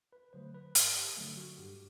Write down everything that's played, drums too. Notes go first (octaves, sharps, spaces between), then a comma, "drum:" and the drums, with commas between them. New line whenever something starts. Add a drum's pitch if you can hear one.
B4
D3 F#3 A3 C5
B4
G2 A#4, drum: hi-hat
G4
D3 F#3 A3
F#4
G2 G4